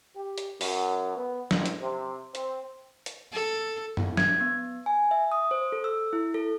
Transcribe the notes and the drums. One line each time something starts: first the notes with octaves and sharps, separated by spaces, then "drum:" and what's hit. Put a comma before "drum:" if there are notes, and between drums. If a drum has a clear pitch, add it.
G4
drum: hi-hat
F#2, drum: open hi-hat
B3
A1, drum: snare
drum: hi-hat
C3
C4, drum: hi-hat
drum: hi-hat
A4
drum: tom F#2
G#6, drum: snare
B3
G#5
E5
D#6
C5
A4
E6
E4
A4